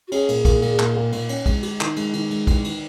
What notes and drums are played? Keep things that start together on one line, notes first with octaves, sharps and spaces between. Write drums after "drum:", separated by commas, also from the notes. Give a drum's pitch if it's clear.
F#4
C#4 G#4, drum: cymbal
A#2, drum: cymbal
A#2, drum: kick, cymbal
A#2, drum: cymbal
A#2, drum: clap
A#2
A#2, drum: cymbal
C#4, drum: cymbal
G#3, drum: kick, cymbal
F#4, drum: cymbal
D#3, drum: clap
G#3, drum: cymbal
D#3, drum: cymbal
G#3, drum: cymbal
D#3, drum: kick, cymbal
D#3, drum: cymbal